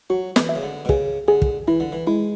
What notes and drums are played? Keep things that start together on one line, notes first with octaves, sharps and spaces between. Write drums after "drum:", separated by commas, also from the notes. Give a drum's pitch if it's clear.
F#3 F#4
E3, drum: snare
E5
C#3
D3
B2
C#3 G#4, drum: kick
D3 G#4
drum: kick
E3 E4
D3
E3
G#3 E4